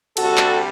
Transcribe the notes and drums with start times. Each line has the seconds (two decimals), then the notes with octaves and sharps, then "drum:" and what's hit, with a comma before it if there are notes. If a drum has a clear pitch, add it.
0.17 D2 C3 G3 F#4 A4, drum: cymbal
0.37 drum: clap